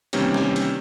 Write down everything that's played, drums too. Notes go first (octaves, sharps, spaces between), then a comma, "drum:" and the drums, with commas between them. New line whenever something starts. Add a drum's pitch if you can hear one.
C3 D#3 E3 G3 A#3 C#4, drum: hi-hat
drum: snare
drum: hi-hat